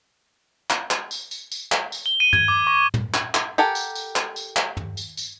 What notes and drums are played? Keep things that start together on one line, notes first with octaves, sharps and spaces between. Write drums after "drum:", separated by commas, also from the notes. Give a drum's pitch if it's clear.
drum: clap
drum: clap
drum: tambourine
drum: tambourine
drum: tambourine
drum: clap
drum: tambourine
G7
D#7
G#6, drum: tom
D6
C#6
drum: tom
drum: clap
drum: clap
G4 A4 A#4 F#5 G#5
drum: tambourine
drum: tambourine
drum: clap
drum: tambourine
drum: clap
drum: tom
drum: tambourine
drum: tambourine